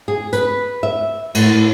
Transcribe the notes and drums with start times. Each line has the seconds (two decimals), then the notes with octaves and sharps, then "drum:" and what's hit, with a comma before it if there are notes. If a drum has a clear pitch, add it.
0.08 G#4
0.33 B4, drum: hi-hat
0.83 E5
1.35 A2, drum: cymbal